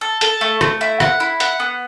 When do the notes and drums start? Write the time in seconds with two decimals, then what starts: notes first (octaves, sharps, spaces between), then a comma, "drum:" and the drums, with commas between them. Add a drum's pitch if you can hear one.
0.01 A4
0.21 A4, drum: hi-hat
0.41 A3
0.61 A3, drum: rim click
0.81 E4
1.00 F#5, drum: rim click
1.20 E4
1.40 F#5, drum: hi-hat
1.60 B3